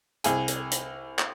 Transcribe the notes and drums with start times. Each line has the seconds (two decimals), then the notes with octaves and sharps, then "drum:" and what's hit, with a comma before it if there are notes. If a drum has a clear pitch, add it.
0.24 C2 G#4 G#5, drum: hi-hat
0.48 drum: hi-hat
0.71 drum: hi-hat
1.19 drum: clap